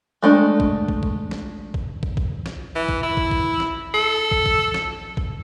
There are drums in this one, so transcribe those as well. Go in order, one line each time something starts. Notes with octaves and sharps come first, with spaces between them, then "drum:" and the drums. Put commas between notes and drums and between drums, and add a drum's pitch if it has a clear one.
G#3 A3 D4
drum: kick
drum: kick
drum: kick
drum: snare
drum: kick
drum: kick
drum: kick
drum: snare
E3
drum: kick
E4
drum: kick
drum: kick
drum: snare
A4
drum: kick
drum: kick
drum: snare
drum: kick